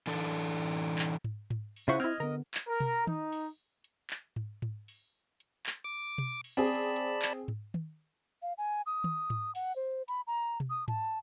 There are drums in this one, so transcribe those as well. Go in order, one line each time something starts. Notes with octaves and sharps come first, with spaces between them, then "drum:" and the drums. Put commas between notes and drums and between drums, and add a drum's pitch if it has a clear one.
E3 D4 A4
drum: hi-hat
drum: clap
drum: tom G#2
drum: tom G#2
drum: open hi-hat
C#3 E4 F4 C5 E5 F#5 C#6
C4 E4 D#5 F6 G#6
D3 B3 A#4
drum: clap
A#4
drum: tom B2
D#4, drum: tom D#3
drum: open hi-hat
drum: hi-hat
drum: clap
drum: tom G#2
drum: tom G#2
drum: open hi-hat
drum: hi-hat
drum: clap
D6
drum: tom B2
drum: open hi-hat
C4 G#4 D5 A5 B5
drum: hi-hat
drum: clap
drum: tom G#2
drum: tom D#3
F5
G#5
D#6
drum: tom D#3
drum: tom G#2
F#5, drum: open hi-hat
C5
B5, drum: hi-hat
A#5
drum: tom B2
D#6
A5, drum: tom G#2